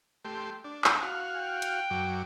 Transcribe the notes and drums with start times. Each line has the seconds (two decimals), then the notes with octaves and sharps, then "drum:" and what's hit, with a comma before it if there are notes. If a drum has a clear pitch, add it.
0.25 A3 G4 C6
0.64 D4
0.84 drum: clap
1.03 F#4 F5
1.36 G5
1.62 drum: hi-hat
1.91 F#2 F#3 D6